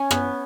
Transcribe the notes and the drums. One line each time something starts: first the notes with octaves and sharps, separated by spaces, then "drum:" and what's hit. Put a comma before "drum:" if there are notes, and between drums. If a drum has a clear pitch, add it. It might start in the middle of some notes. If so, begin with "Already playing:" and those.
Already playing: C#4
B3, drum: rim click